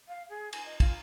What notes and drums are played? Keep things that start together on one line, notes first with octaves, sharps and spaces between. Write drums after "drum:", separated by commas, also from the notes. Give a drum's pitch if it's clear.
F5
G#4
G#5, drum: cymbal
D#5
F4, drum: kick, cymbal